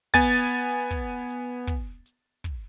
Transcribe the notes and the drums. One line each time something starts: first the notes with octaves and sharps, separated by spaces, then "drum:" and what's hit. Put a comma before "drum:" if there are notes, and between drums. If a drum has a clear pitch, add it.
B3 G#5 A6, drum: kick, hi-hat
drum: hi-hat
drum: kick, hi-hat
drum: hi-hat
drum: kick, hi-hat
drum: hi-hat
drum: kick, hi-hat